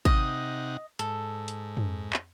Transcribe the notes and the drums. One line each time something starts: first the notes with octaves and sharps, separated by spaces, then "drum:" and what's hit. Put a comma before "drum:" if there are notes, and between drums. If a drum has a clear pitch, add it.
C3 D#4 D#5 F#5, drum: kick
G#2 A4, drum: hi-hat
drum: hi-hat
drum: tom
drum: clap